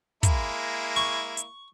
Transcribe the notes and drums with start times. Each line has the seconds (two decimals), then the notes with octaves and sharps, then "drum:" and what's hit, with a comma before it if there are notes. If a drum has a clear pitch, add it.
0.23 G#3 A#3 E4, drum: kick, hi-hat
0.96 C#6
1.37 drum: hi-hat